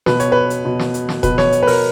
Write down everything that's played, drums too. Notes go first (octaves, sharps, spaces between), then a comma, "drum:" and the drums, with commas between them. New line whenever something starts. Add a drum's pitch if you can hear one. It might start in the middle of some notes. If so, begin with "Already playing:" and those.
B2 B4, drum: snare
C#5, drum: hi-hat
B4
drum: hi-hat
B2
drum: snare
drum: hi-hat
drum: snare
B2 B4, drum: kick E1, hi-hat
C#5, drum: snare
drum: hi-hat
B4
A#4, drum: open hi-hat